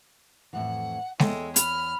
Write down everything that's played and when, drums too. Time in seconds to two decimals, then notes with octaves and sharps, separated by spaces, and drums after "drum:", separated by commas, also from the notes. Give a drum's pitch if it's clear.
0.53 F2 A2 E3 F#5
1.19 E2 G#3 A4 C#5 G5, drum: snare
1.56 B5 F6, drum: hi-hat